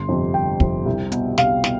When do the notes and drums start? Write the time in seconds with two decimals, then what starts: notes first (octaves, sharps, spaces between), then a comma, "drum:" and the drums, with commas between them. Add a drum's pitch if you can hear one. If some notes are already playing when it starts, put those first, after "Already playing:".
Already playing: G1 C6
0.09 F2 C3
0.34 G1 G5
0.60 F2 C3, drum: kick
0.85 C2
1.12 B2, drum: hi-hat
1.38 C2 F5, drum: snare
1.64 B2, drum: snare